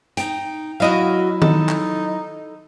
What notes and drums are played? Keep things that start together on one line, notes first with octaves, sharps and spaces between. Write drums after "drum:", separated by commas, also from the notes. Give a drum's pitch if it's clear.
D#4 G5, drum: hi-hat
F#3 E4 F#4 D#5 F5
D#4 A4, drum: tom D#3
drum: clap